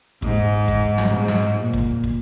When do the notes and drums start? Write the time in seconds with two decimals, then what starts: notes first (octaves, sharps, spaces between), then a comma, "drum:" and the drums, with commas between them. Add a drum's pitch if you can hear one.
0.22 G#2, drum: kick
0.68 drum: kick
0.98 drum: snare
1.14 G#2
1.28 drum: snare
1.59 A#2
1.73 drum: kick
2.04 drum: kick